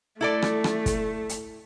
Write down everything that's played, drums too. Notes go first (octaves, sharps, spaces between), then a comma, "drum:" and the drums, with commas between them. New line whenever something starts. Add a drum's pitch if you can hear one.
A3 E4 A4 D5
drum: rim click
drum: rim click
drum: kick, hi-hat
drum: hi-hat